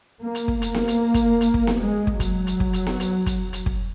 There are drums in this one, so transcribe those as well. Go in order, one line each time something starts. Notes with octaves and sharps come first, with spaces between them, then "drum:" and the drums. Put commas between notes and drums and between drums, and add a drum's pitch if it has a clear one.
A#3
drum: hi-hat
drum: kick
A#3, drum: hi-hat
drum: snare B3
drum: hi-hat
drum: kick, hi-hat
drum: hi-hat
drum: kick
drum: snare B3
G#3
drum: kick
F#3, drum: kick, hi-hat
drum: hi-hat
drum: kick
drum: hi-hat
drum: snare B3
drum: hi-hat
drum: kick, hi-hat
drum: hi-hat
drum: kick